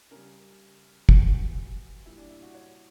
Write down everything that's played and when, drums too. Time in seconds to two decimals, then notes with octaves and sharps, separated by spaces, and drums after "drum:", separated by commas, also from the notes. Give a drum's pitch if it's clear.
0.11 C#3 G3 A#4
1.09 C#3 E3 G3 F#4, drum: kick
2.06 A#2 G3 E4
2.18 D4
2.30 E4
2.43 F#4
2.55 C#5